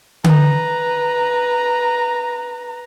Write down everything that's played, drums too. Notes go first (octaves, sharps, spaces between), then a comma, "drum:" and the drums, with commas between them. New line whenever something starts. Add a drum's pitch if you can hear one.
B4 A#5, drum: tom D3